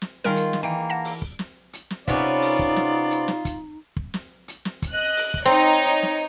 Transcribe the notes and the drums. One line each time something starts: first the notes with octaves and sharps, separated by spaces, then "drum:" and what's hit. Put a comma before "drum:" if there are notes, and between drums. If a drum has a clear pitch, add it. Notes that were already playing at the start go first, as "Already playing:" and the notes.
drum: snare
D#3 G3 F4 G#4 A#4 A#5
drum: hi-hat
drum: snare
E3 A#3 G5
F#5 A5 A#6
drum: open hi-hat
drum: kick
drum: snare
drum: hi-hat
drum: snare
C3 B3 C#4 D#4 F4 D5, drum: kick, hi-hat
drum: open hi-hat
drum: kick
drum: snare
drum: hi-hat
drum: snare
drum: kick, hi-hat
drum: kick
drum: snare
drum: hi-hat
drum: snare
drum: kick, hi-hat
D#5 F#6
drum: open hi-hat
drum: kick
C4 D#4 C#5
drum: hi-hat
drum: snare